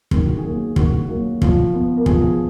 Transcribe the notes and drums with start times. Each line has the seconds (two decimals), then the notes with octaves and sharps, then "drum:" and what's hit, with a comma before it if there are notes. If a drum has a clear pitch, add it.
0.11 D#3 G#4, drum: kick
0.26 F#4
0.39 G#4
0.44 F#3 A#3
0.76 D#3 F#4 A#4, drum: kick
1.09 F#3 A#3
1.42 F3, drum: kick
1.74 B3
1.97 A#4
2.06 F3 G#4, drum: kick